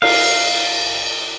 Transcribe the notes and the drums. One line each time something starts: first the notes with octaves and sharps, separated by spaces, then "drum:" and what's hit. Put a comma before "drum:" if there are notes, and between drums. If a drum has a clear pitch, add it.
F5, drum: cymbal